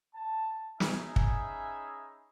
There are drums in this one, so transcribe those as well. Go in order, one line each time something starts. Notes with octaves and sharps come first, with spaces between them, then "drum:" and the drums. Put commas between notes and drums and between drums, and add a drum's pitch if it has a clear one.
A5
C#4 D#4 G#4 E5 G#5 B5, drum: snare
drum: kick